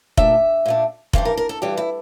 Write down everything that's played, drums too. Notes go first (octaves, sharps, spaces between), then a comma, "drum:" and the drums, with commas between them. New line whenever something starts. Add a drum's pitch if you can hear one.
A#2 A3 D4 E5, drum: kick F1
A#2 A3 D4
G2 E3 G3 D4 C5, drum: kick F1
A#4
A#4
A4
G2 E3 G3 D4 G4
E4